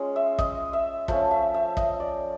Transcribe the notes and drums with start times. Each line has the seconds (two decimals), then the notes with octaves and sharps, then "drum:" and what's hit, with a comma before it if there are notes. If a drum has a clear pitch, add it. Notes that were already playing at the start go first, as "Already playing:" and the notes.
Already playing: G#3 C#4 F4
0.16 E5
0.39 D#5, drum: kick
0.73 E5
1.08 F3 A3 C#4 E5, drum: kick
1.31 E5
1.54 E5
1.77 D#5, drum: kick
2.00 D5